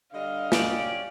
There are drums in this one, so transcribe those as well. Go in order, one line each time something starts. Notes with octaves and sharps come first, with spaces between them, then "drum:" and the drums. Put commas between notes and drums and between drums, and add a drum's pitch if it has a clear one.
D3 G3 D#5 F5
C#4 G4 D5, drum: snare